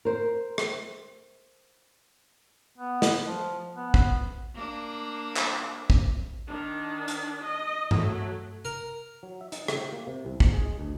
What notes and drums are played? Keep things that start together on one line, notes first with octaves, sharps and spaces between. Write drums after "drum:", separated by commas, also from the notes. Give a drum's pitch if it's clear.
A#4 C5
drum: rim click
B3
drum: snare
F3
B3
drum: kick
A#3 D4
drum: clap
drum: kick
D#3 D4
drum: hi-hat
D#5
F#3 A3, drum: tom G2
A#4
F#3
E5
D#4, drum: hi-hat
C#3, drum: rim click
G4
A#3
C3
C2
G#2, drum: kick
G#4
G#3
D2